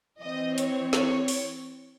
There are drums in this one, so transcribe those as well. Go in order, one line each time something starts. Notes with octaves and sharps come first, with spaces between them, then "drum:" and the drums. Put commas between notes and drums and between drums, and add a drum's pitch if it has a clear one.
E3 C4 D#5
C#5, drum: hi-hat
C#5, drum: snare
drum: open hi-hat